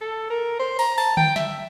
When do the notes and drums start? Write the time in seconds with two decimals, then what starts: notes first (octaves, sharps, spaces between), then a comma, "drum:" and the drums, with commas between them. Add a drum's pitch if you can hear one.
0.01 A4
0.30 A#4
0.59 C5
0.79 A#5, drum: open hi-hat
0.98 A5, drum: open hi-hat
1.17 G5, drum: tom D3
1.36 E5, drum: snare